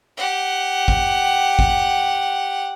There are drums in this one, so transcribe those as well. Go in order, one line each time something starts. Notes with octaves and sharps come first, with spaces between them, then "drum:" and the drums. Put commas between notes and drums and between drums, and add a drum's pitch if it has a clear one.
G4 F#5
drum: kick G1
drum: kick G1